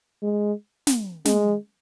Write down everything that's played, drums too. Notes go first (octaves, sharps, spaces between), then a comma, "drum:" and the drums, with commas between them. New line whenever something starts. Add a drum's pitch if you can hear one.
G#3
drum: snare
G#3, drum: snare